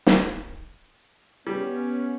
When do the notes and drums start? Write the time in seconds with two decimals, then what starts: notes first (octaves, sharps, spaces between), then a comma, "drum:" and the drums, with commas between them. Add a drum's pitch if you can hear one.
0.07 drum: snare
1.47 G3 B3 C#4